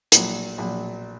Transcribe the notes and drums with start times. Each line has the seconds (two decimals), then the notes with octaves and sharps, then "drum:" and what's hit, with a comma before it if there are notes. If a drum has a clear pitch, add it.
0.12 A#1 A#2 F#3, drum: hi-hat
0.58 A#1 A#2 F#3